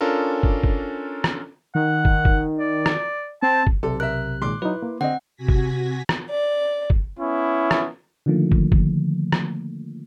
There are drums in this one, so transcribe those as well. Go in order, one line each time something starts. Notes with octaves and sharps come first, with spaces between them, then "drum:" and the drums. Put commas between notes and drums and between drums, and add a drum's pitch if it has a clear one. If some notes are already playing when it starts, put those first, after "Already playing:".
C#4 D4 F4 A4 A#4
drum: kick
drum: kick
drum: rim click
D#3 F#5
drum: kick
drum: kick
D5
drum: rim click
C4 A5
drum: kick
B1 C3 A4
A#4 E5 F#6
A#2 D#3 G#3 C6 D6
F#3 D#4 E4 B4
A#3
D3 C4 D#5 F#5
C3 F#4 G#5 G#6 A#6 B6
drum: kick
drum: rim click
D5
drum: kick
B3 C#4 E4
drum: rim click
D3 D#3 F3 A3 A#3
drum: kick
drum: kick
drum: rim click